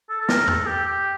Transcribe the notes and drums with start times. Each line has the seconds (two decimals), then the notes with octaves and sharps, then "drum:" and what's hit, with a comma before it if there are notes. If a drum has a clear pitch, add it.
0.10 A4
0.20 A4
0.29 A#4, drum: snare
0.47 A4, drum: tom E2
0.67 G4
0.86 G4